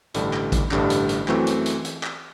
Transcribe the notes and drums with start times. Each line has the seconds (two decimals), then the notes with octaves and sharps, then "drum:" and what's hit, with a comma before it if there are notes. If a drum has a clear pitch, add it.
0.14 A1 G2 D3 G3 D4, drum: hi-hat
0.33 drum: clap
0.52 drum: kick A1, hi-hat
0.71 A1 G2 D3 G3 D4, drum: clap
0.90 drum: hi-hat
1.09 drum: hi-hat
1.28 F#2 E3 A3 C4 F#4, drum: clap
1.47 drum: hi-hat
1.66 drum: hi-hat
1.85 drum: hi-hat
2.03 drum: clap